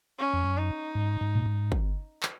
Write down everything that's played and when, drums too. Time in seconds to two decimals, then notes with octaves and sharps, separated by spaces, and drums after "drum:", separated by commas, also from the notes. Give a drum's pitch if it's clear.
0.19 C#4
0.33 F2
0.44 F#2
0.57 D#4
0.95 G#2
1.21 G#2
1.35 A#2
1.46 G#2
1.72 drum: kick G1
2.23 drum: clap